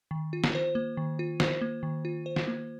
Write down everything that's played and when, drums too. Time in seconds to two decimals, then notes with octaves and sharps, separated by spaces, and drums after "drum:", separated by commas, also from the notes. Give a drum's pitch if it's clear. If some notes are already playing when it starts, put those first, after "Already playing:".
0.11 D#3
0.33 F4
0.44 drum: snare
0.55 C5
0.75 A#3
0.97 D#3
1.19 F4
1.40 C5, drum: snare
1.61 A#3
1.83 D#3
2.05 F4
2.26 C5
2.36 drum: snare
2.48 A#3